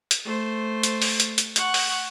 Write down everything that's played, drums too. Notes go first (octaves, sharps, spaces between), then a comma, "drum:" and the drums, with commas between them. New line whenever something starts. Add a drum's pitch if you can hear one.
drum: hi-hat
A3 C5
drum: hi-hat
drum: open hi-hat
drum: hi-hat
drum: hi-hat
F#5 C#6, drum: hi-hat
drum: open hi-hat